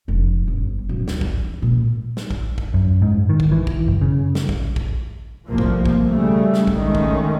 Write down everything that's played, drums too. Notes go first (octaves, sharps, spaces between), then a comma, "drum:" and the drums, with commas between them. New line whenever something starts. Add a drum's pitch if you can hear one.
F1
G1
D1
drum: snare
drum: kick
E3
A#2
drum: snare
drum: kick
drum: kick
F#2
G#2
D#3
drum: kick
E3
drum: kick
F#1
C#3
drum: snare
drum: kick
drum: kick
F1 C2 A2 F3 A#3
drum: kick
drum: kick
C#3 G3 A3
drum: snare
drum: kick
D#3 G#3 A3 C#4
drum: kick